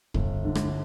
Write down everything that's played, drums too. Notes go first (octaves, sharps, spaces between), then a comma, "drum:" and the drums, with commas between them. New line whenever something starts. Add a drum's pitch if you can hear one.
G1, drum: kick
D3
drum: rim click